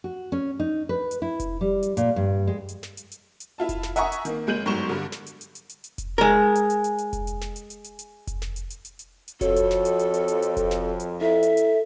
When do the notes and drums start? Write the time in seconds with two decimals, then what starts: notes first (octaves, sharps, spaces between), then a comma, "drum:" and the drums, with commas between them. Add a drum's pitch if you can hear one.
0.04 F#4
0.32 C#4
0.60 D#4
0.89 B4
1.11 drum: hi-hat
1.22 E4
1.40 drum: kick F1, hi-hat
1.61 G3
1.83 drum: hi-hat
1.97 A#2, drum: hi-hat
2.16 G2
2.47 G#3
2.69 drum: hi-hat
2.83 drum: snare
2.97 drum: hi-hat
3.12 drum: hi-hat
3.40 drum: hi-hat
3.58 E4 F4 A5
3.69 drum: kick F1, hi-hat
3.83 drum: snare
3.96 E5 F#5 G#5 A#5 C#6 D#6, drum: hi-hat
4.12 drum: hi-hat
4.25 D#3 A#3, drum: hi-hat
4.47 F#1 G#3 G6 D#7 F#7
4.66 G1 G#2 F#3 C6 C#6 E7
4.89 G2 D3
5.12 drum: snare
5.26 drum: hi-hat
5.41 drum: hi-hat
5.55 drum: hi-hat
5.69 drum: hi-hat
5.84 drum: hi-hat
5.98 drum: kick F1, hi-hat
6.18 G#3 A#4
6.55 drum: hi-hat
6.70 drum: hi-hat
6.84 drum: hi-hat
6.98 drum: hi-hat
7.13 drum: kick F1, hi-hat
7.27 drum: hi-hat
7.41 drum: snare
7.56 drum: hi-hat
7.70 drum: hi-hat
7.84 drum: hi-hat
7.99 drum: hi-hat
8.27 drum: kick F1, hi-hat
8.42 drum: snare
8.56 drum: hi-hat
8.70 drum: hi-hat
8.85 drum: hi-hat
8.99 drum: hi-hat
9.28 drum: hi-hat
9.41 F2 F#4 A4 C#5, drum: kick F1, hi-hat
9.56 drum: hi-hat
9.71 drum: snare
9.85 drum: hi-hat
9.99 drum: hi-hat
10.14 drum: hi-hat
10.28 drum: hi-hat
10.42 drum: hi-hat
10.57 drum: kick F1, hi-hat
10.71 drum: snare
11.00 drum: hi-hat
11.21 E4 A4 E5
11.43 drum: hi-hat
11.57 drum: hi-hat